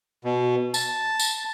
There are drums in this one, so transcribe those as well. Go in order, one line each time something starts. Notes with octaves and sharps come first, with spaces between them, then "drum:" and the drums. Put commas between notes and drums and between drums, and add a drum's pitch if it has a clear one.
B2
A5, drum: tambourine
drum: tambourine